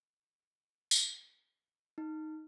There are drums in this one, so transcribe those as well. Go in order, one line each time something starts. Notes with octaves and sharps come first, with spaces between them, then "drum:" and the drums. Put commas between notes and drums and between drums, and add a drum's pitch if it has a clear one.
drum: tambourine
D#4